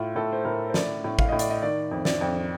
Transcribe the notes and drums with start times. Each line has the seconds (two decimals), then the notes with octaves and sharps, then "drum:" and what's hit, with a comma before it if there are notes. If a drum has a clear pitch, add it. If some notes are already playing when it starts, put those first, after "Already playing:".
Already playing: A2 F4
0.16 A2 A4
0.33 C5
0.45 A2 A#4
0.70 C5
0.74 A2 D5, drum: snare
1.04 A2
1.19 F5, drum: kick G#1
1.29 A2 D#5
1.39 D5, drum: hi-hat
1.50 D#5
1.62 D#3 D5
1.91 F2
2.05 D5, drum: snare
2.21 F2